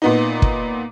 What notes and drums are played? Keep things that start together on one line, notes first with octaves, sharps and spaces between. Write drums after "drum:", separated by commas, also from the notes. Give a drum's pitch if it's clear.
A#2 B3 D#4
drum: kick